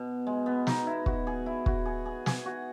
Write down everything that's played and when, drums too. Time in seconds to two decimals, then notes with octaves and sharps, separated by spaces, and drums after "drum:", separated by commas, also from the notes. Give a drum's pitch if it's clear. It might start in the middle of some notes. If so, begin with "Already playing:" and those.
Already playing: B2
0.27 G#3
0.46 B3
0.67 D#4, drum: snare
0.87 E4
1.06 F#4, drum: kick
1.27 G#4
1.46 E4
1.66 F#4, drum: kick
1.86 G#4
2.05 G#4
2.26 G#4, drum: snare
2.46 F#4